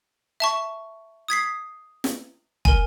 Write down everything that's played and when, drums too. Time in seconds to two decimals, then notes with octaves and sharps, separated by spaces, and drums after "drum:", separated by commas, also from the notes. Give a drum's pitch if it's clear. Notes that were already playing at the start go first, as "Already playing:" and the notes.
0.40 E5 A5 C#6
1.28 D#6 G#6 B6 C7
2.04 drum: snare
2.65 A#4 G#5, drum: kick